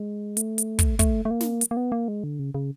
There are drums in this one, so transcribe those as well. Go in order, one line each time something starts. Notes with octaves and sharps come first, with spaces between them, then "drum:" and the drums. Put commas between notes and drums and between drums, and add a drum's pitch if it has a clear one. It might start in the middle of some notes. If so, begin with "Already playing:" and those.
Already playing: G#3
A3, drum: hi-hat
drum: hi-hat
drum: kick, hi-hat
A3, drum: kick, hi-hat
A3
A#3
drum: snare
drum: hi-hat
A#3
B3
A#3
G#3
D3
C#3
C#3